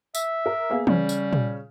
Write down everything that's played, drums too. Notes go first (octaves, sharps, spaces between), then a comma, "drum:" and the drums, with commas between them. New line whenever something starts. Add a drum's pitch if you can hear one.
E5, drum: tambourine
A#4
A#3 B3 G#4
C#3 G3 C#4, drum: tom E3
drum: tambourine
drum: tom A#2